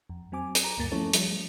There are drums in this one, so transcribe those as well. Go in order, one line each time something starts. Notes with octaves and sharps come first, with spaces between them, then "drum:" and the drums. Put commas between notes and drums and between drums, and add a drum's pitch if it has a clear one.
F2
F#3 C4 G#5 D6
drum: hi-hat
A#5
D2 G2 A#3 A6
F3 A3 C#4 E4 A4 C#5
F3 G3, drum: hi-hat